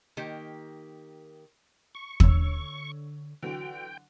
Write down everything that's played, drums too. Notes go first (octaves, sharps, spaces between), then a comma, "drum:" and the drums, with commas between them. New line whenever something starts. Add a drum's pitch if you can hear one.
D#3 A#3 G4
C#6
D3 C#5 E6, drum: kick
D3 E3 F#3 F#4 G5